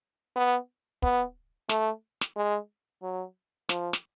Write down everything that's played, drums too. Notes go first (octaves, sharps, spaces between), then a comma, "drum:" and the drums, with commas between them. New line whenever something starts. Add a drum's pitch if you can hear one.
B3
B3, drum: kick
A3, drum: snare
drum: snare
G#3
F#3
F3, drum: snare
drum: snare